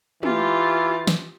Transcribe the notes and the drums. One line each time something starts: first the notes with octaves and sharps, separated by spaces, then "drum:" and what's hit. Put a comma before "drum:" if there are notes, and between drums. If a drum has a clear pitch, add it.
E3 F4 G4, drum: tom
drum: snare